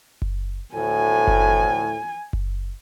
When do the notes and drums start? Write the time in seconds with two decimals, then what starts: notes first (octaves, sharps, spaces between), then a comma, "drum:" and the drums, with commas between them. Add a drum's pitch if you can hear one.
0.22 drum: kick F#1
0.75 D2 A2 G#5
1.27 drum: kick F#1
2.33 drum: kick F#1